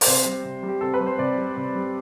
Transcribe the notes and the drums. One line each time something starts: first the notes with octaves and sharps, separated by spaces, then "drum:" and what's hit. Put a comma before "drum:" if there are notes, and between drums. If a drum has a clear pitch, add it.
D5, drum: open hi-hat
C3 C5
G3
C3
G3
G4
C3 A4
B4
G3
C5
C3 D5
G3
C3
G3